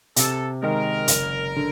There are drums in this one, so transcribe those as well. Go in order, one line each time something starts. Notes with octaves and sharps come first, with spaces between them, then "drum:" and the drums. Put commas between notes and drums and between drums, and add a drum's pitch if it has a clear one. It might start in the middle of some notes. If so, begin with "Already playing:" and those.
C3 A4, drum: hi-hat
D#3 G#3 A#4
F#1, drum: hi-hat
D3